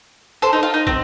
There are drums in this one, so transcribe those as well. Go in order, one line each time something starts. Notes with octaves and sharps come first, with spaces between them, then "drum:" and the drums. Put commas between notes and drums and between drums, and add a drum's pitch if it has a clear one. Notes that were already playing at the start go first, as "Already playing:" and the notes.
A4 C5
D#4
F4
D#4
C4, drum: kick